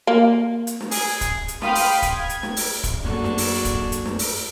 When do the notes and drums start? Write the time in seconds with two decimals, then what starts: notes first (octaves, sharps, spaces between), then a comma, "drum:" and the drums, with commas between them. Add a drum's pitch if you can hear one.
0.07 A#3
0.67 drum: hi-hat
0.80 drum: snare
0.91 G#4, drum: open hi-hat
1.21 drum: kick, hi-hat
1.48 drum: hi-hat
1.62 F5 G5 B5 C6 D#6 F6, drum: snare
1.75 drum: open hi-hat
2.02 drum: kick, hi-hat
2.11 G#6
2.29 drum: hi-hat
2.43 drum: snare
2.56 drum: open hi-hat
2.84 drum: kick, hi-hat
3.04 F#2 A#3 D4 F#4 G#4 A4
3.24 drum: snare
3.38 drum: open hi-hat
3.65 drum: kick, hi-hat
3.92 drum: hi-hat
4.05 drum: snare
4.19 drum: open hi-hat